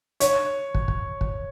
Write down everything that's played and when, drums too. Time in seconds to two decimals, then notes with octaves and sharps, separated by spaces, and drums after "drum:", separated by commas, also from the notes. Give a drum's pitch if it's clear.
0.20 C#5, drum: hi-hat
0.75 drum: kick
0.88 drum: kick
1.21 drum: kick